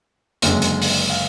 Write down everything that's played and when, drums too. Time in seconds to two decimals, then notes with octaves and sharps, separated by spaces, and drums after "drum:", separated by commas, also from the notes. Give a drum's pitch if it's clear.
0.42 F#1 F#2 D3 G#3, drum: hi-hat
0.62 drum: hi-hat
0.82 drum: open hi-hat
1.10 F5